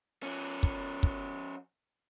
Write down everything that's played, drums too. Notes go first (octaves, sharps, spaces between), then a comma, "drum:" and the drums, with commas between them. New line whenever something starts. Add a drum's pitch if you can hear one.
F3 C#4
drum: kick
drum: kick